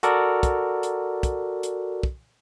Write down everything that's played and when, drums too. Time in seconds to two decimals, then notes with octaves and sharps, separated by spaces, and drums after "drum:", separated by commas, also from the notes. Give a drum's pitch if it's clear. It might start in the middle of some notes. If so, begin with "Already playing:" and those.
0.03 F#4 A4 A#4 D5, drum: hi-hat
0.43 drum: kick, hi-hat
0.83 drum: hi-hat
1.23 drum: kick, hi-hat
1.63 drum: hi-hat
2.03 drum: kick